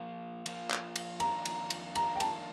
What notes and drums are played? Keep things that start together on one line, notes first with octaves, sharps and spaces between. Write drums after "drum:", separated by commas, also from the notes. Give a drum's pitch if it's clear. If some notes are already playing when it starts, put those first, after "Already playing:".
Already playing: F3 A#3 F4
F3 A#3 F4, drum: cymbal
drum: clap
drum: cymbal
F2 D#3 A#3 D4 F4 A#5, drum: cymbal
drum: cymbal
drum: cymbal
F2 D#3 A#3 D4 F4 A#5, drum: cymbal
G5
A5, drum: cymbal